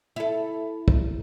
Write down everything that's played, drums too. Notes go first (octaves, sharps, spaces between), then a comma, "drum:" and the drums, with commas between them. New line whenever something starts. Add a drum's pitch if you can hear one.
E4 A4
drum: kick